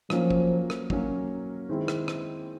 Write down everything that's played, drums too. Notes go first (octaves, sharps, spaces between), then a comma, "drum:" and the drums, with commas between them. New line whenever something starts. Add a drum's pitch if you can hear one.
F3 F#3 A#3 C#4, drum: rim click
drum: kick
drum: rim click
F#3 A#3 C#4, drum: kick
D#3 G#3 C4 E4
drum: rim click
drum: rim click